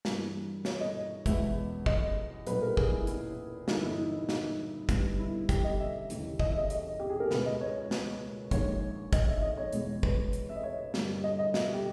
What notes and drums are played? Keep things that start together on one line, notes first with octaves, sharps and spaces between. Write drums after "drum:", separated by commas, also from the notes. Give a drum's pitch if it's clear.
G2 E3 A#3, drum: snare
C#5, drum: snare
D#5
E2 B2 G#3 B3 E5, drum: kick, hi-hat
D#5, drum: kick
B1 A#2 G3 B4, drum: hi-hat
A#4
G#4, drum: kick
E4
E4, drum: hi-hat
G1 G2 E3 A#3 D#4, drum: snare
E4
D#4
D#4, drum: snare
G1 G2 G3 B3, drum: kick, hi-hat
E4
G4, drum: kick, hi-hat
D#5
E5
D#2 C#3 E3, drum: hi-hat
D#5, drum: kick
E5
D#5
D#5, drum: hi-hat
G4
G#4
A#4
C#2 B2 G#3 B3 B4, drum: snare
D#5
C#5
drum: snare
A#1 G#2 D#3 A#3 C#5, drum: kick, hi-hat
D#5, drum: kick, hi-hat
E5
D#5
C#5
E2 B2 G#3, drum: hi-hat
B4, drum: kick
drum: hi-hat
E5
D#5
C#5
G1 G2 G3 A#3, drum: snare
D#5
D#5
E5, drum: snare
G4